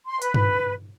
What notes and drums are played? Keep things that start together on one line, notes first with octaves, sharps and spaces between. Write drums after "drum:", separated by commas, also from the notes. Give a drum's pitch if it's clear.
C6
B4, drum: hi-hat
drum: tom G2